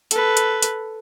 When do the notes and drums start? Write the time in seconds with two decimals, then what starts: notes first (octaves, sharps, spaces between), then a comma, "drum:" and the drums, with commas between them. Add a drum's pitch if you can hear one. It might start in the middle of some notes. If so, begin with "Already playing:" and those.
0.11 A4 B4, drum: hi-hat
0.37 drum: hi-hat
0.63 drum: hi-hat